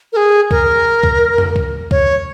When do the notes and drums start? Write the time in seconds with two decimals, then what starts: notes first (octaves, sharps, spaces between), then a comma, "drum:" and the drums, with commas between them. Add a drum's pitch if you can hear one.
0.12 A#4
0.16 G#4
0.51 A#4, drum: kick C#2
1.03 drum: kick C#2
1.38 drum: tom F2
1.56 drum: kick C#2
1.91 C#5, drum: kick C#2